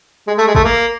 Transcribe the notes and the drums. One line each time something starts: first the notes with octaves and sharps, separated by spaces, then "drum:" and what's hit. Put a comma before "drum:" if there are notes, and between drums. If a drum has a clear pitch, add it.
G#3
A3
G#3
A3, drum: kick
A#3